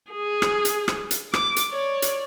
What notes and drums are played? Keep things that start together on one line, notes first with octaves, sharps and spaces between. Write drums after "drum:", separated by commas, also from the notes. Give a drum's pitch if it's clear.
G#4
drum: rim click
drum: hi-hat
drum: rim click
drum: hi-hat
D6, drum: rim click
drum: hi-hat
C#5 D5
drum: hi-hat